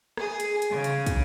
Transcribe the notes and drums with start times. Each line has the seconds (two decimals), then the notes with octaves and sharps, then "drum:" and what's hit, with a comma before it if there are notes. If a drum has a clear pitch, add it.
0.17 G#4, drum: rim click
0.40 drum: hi-hat
0.62 drum: hi-hat
0.71 C#3
0.84 drum: hi-hat
1.06 drum: kick, hi-hat